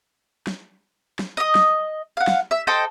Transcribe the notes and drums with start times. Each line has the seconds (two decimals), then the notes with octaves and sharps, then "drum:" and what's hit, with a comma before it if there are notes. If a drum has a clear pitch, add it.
0.47 drum: snare
1.19 drum: snare
1.37 D#5 D#6
1.55 drum: snare
2.17 F5 F#5
2.27 drum: snare
2.51 E5
2.67 A4 C5 D#5 G5